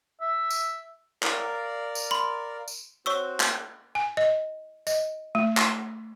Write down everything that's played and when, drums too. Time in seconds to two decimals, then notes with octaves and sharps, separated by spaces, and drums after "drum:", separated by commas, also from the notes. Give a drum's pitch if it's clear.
0.21 E5
0.50 drum: tambourine
1.23 A#4 D5 F5, drum: clap
1.95 drum: tambourine
2.11 B5 C6
2.68 drum: tambourine
3.06 C4 F#4 C5 C#5 C#6 E6
3.40 drum: clap
3.95 G#5
4.17 D#5
4.87 D#5, drum: tambourine
5.35 A3
5.57 drum: clap